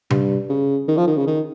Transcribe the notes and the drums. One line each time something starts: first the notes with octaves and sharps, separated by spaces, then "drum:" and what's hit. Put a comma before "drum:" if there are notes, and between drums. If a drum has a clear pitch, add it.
G2, drum: tom C3
C#3
D#3
F3
D#3
C#3
D#3